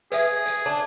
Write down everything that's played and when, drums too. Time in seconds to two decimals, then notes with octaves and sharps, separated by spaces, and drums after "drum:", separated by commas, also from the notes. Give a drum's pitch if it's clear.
0.12 G#4 B4 E5, drum: hi-hat
0.46 drum: hi-hat
0.66 D4 A5